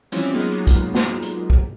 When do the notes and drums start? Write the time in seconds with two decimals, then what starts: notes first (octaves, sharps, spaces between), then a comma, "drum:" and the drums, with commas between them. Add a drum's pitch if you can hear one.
0.12 E3 F3 G3 C4 C#4, drum: hi-hat
0.33 F#3 G#3 A#3 B3 D#4 F4
0.67 drum: kick, hi-hat
0.95 drum: snare
1.22 drum: hi-hat
1.50 drum: kick